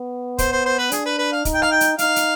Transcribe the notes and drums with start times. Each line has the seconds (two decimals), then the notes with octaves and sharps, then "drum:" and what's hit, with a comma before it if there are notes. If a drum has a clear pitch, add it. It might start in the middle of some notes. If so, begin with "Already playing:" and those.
Already playing: B3
0.38 C5, drum: kick, hi-hat
0.52 C5
0.66 C5
0.78 B4
0.91 D4 G#4, drum: hi-hat
1.06 B4
1.19 B4
1.32 F5
1.45 D#4, drum: kick, hi-hat
1.54 G5
1.62 F5, drum: rim click
1.71 G5
1.81 drum: hi-hat
1.98 D#4 F5, drum: hi-hat
2.16 drum: hi-hat